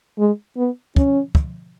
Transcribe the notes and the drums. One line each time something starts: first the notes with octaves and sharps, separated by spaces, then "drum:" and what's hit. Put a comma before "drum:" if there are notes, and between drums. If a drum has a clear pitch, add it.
G#3
B3
C#4, drum: kick
drum: kick